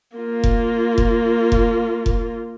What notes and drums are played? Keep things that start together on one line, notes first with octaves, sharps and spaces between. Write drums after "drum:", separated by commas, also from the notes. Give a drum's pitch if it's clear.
A#3 F4
drum: kick F1
drum: kick F1
drum: kick F1
drum: kick F1